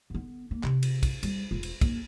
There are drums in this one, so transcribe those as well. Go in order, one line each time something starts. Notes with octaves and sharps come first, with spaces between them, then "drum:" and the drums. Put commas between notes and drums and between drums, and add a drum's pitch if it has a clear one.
D3 B3
A#3
C3, drum: clap
drum: cymbal
drum: kick, cymbal
G3, drum: cymbal
E1 F4
drum: cymbal
A#3, drum: kick, cymbal